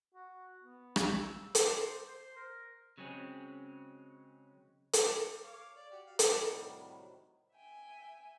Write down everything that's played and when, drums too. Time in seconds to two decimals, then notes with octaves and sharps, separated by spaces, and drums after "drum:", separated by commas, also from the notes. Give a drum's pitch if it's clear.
0.14 F#4
0.63 B3
0.96 drum: rim click
1.19 E6
1.55 C5, drum: hi-hat
2.07 C5
2.36 A#4
2.98 C#3 F#3 G#3 C4 C#4
4.93 drum: hi-hat
5.44 C#5 F5 D6
5.76 D5
5.91 F#4 G4
6.07 F5
6.19 D#5 A#5 B5, drum: hi-hat
6.41 A2 C3 D#3 F#3 G3
7.55 E5 G5 G#5